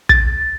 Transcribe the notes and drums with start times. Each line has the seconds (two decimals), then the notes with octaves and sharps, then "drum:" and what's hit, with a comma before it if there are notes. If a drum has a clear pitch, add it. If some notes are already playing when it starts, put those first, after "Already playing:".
0.09 A6, drum: kick